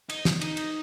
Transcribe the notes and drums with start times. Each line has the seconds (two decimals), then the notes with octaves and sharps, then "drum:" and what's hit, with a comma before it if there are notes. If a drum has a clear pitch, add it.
0.10 D#4, drum: cymbal
0.25 drum: snare
0.41 D#4, drum: cymbal
0.57 drum: cymbal